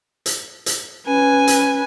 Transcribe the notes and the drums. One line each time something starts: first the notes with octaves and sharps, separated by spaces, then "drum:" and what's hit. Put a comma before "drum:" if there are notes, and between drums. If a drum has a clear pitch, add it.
drum: hi-hat
drum: hi-hat
C#4 B4 G#5
drum: hi-hat